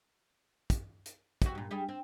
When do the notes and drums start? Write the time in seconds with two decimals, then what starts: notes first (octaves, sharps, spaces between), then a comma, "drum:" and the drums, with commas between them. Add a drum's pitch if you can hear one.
0.70 drum: kick, hi-hat
1.06 drum: hi-hat
1.42 C3 F#4, drum: kick, hi-hat
1.55 G2 A#2
1.71 G3 G4 G#4
1.89 C4